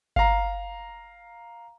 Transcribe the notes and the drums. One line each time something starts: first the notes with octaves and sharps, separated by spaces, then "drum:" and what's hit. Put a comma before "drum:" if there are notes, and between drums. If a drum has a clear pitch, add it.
F5 A#5, drum: kick G1